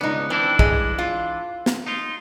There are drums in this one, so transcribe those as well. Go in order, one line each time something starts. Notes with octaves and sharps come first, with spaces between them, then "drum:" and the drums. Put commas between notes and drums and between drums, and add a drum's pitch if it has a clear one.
C#2 G2 B3 D4 D#4
E3 C4 D4 E4
G2 G#3, drum: kick
F4
drum: snare
D#4 F4